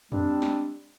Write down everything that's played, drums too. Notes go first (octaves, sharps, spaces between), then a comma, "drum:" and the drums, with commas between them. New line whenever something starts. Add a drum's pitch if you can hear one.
G3 G#3 C4 D4, drum: tom
drum: snare